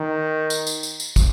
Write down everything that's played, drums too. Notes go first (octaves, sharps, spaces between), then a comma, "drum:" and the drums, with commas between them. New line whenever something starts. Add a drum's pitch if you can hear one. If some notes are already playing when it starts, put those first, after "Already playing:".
Already playing: D#3
drum: tambourine
drum: tambourine
drum: tambourine
drum: tambourine
drum: kick, tambourine